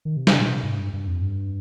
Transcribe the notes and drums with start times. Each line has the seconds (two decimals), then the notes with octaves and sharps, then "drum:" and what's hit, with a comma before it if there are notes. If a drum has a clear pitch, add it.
0.05 D#3
0.17 C3
0.27 C#3, drum: snare
0.39 A#2
0.48 C3
0.63 G#2
0.79 G2
0.93 G2
1.08 F2
1.22 G2